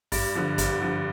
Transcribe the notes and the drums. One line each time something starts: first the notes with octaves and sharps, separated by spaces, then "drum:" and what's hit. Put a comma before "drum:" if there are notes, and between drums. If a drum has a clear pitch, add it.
G2, drum: kick, open hi-hat
D3 F3
G2, drum: kick, hi-hat
D3 F3